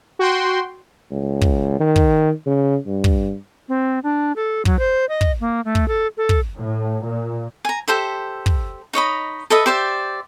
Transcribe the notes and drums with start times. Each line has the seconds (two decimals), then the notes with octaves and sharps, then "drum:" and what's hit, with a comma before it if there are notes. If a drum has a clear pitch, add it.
0.19 F#4 G5 C6
1.12 C#2
1.41 drum: kick
1.80 D#3
1.96 drum: kick
2.46 C#3
2.86 G2
3.04 drum: kick
3.69 C4
4.04 D4
4.36 A4
4.65 F#3, drum: kick
4.79 C5
5.09 D#5
5.21 drum: kick
5.40 A#3
5.65 A3
5.75 drum: kick
5.88 A4
6.17 A4
6.29 drum: kick
6.58 A2
7.05 A#2
7.65 G#5 A#5
7.88 G4 A4 C5 E5
8.46 drum: kick
8.93 D#4 C#5 D#5 B5
9.50 A4 B4 D#5 E5
9.66 G4 C5 D5 E5